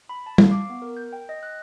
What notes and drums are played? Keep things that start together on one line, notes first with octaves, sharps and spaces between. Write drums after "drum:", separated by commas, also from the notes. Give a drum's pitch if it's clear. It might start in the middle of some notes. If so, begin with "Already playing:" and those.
B5
A5
F5, drum: tom
D6
B3
A#4
G6
G5
D#5
F#6